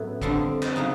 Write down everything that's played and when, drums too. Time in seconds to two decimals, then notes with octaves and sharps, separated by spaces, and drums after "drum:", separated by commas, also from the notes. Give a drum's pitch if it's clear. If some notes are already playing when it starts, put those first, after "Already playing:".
Already playing: A2 F#3 B3 C#4 E4
0.22 F2 D3 G3 C4, drum: kick
0.62 drum: clap
0.76 C#3 F#3 B3 D#4